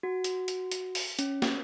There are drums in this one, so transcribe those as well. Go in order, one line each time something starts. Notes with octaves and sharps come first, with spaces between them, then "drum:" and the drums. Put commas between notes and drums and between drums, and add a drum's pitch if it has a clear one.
F#4
drum: hi-hat
drum: hi-hat
drum: hi-hat
drum: open hi-hat
C#4, drum: hi-hat
drum: snare